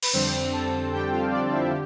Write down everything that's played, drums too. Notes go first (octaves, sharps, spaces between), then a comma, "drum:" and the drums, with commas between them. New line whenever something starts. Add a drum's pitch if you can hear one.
B4, drum: cymbal
F2 D3 G3 C4 D4 C5
A4 A5
F2 D3 G3 D4 G4 G5
F4 F5
D4 D5
E4 E5
D3 G4